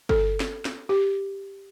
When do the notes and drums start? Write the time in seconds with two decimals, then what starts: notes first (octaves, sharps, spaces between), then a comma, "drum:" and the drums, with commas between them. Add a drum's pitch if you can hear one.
0.09 A4, drum: kick G1
0.40 drum: snare
0.65 drum: snare
0.89 G4